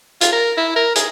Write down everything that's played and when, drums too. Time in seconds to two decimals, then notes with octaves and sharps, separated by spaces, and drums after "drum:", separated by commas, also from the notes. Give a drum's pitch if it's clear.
0.21 F4, drum: hi-hat
0.32 A#4
0.57 E4
0.76 A#4
0.95 G#4, drum: hi-hat